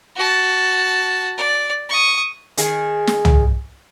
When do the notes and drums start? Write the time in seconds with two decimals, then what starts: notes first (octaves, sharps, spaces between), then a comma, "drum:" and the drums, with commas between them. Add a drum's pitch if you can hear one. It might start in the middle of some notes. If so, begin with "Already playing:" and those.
0.16 F#4 A5
1.37 D5
1.90 C#6 D#6
2.57 D#3 G#4, drum: hi-hat
3.07 drum: snare
3.25 drum: tom